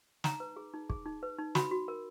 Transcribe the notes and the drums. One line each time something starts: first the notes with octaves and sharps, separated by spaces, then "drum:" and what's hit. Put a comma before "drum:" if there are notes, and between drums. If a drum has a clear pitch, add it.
D#4 A#5, drum: snare
B4
G#4
D#4
G#4, drum: kick
D#4
B4
D#4
F#4 B5, drum: snare
F#4
A#4